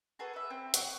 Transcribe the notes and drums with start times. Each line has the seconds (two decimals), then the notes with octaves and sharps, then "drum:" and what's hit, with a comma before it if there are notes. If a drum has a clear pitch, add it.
0.19 F#4 G#4 A4 B4
0.34 B4 E5
0.50 C4
0.74 F#4 G5 C#6 D#6, drum: hi-hat